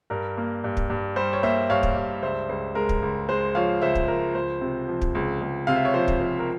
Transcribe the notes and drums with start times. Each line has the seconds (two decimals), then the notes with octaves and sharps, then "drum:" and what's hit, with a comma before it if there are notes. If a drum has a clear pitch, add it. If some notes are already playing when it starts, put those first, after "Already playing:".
0.10 G2 A#4
0.37 A#3
0.64 G2
0.77 drum: kick
0.90 G2
1.16 G3 C5
1.33 C#5
1.43 A#3 C5 E5
1.70 G2 C#5 F5
1.83 drum: kick
1.96 G2
2.23 C#2 C5 E5
2.49 C#2 C5
2.75 G#3 A#4
2.89 drum: kick
3.02 C#2
3.29 G#3 C5
3.55 F3 C#5 F5
3.81 C#2 C5 E5
3.95 drum: kick
4.08 F3 A#4
4.35 C#2 C5
4.61 C3
4.88 F3
5.02 drum: kick
5.15 C#2
5.42 C#2
5.67 C3 F5
5.76 E5
5.85 C#5
5.94 F3 C5
6.08 drum: kick
6.21 F3 C5
6.39 A#4